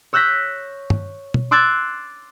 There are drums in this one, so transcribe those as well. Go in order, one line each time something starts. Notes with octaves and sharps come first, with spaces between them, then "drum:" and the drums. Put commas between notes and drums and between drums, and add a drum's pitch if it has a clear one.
C#5 E6 F#6 G6 A#6 B6
drum: tom
drum: tom
C6 D6 E6 F#6 G#6 A6